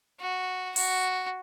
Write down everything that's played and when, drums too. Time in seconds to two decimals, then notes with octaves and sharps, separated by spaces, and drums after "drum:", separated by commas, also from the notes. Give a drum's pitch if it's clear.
0.20 F#4
0.76 F#4, drum: open hi-hat